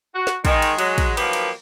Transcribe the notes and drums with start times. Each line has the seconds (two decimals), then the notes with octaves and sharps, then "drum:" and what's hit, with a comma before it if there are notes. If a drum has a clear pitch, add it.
0.15 F#4
0.27 drum: snare
0.45 D#3 G#3, drum: kick, cymbal
0.62 drum: cymbal
0.78 F#3 G#3, drum: cymbal
0.98 drum: kick, cymbal
1.17 D#3 F3 F#3 A#3 B3 G4, drum: cymbal
1.33 drum: cymbal